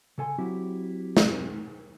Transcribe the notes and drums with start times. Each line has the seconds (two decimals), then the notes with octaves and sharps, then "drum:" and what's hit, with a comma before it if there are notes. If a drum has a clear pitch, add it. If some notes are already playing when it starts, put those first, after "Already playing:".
0.18 C#3 A4 G#5 C6
0.38 F#3 C4 E4 F#4 G4
1.17 drum: snare